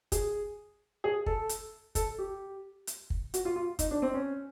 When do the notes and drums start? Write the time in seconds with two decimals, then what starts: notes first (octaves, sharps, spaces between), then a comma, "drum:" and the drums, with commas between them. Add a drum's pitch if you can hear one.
0.12 G#4, drum: kick, hi-hat
1.04 G#4
1.26 A4, drum: kick
1.49 drum: hi-hat
1.95 A4, drum: kick, hi-hat
2.19 G4
2.87 drum: hi-hat
3.10 drum: kick
3.34 F#4, drum: hi-hat
3.45 F4
3.56 F4
3.79 D#4, drum: kick, hi-hat
3.91 D4
4.02 C4
4.14 C#4